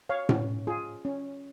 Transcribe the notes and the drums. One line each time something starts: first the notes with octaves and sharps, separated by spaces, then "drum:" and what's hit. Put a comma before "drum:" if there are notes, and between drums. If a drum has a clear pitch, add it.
C#5 F5
C#4, drum: tom A2
F4 G#4
C#4